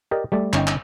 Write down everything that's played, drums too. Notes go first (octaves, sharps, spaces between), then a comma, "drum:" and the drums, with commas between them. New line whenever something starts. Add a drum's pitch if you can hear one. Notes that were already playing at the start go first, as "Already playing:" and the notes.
G4 A#4 D5 D#5
G3 A3 D5
G1 C#4 D#4 D#5 G5, drum: clap
drum: clap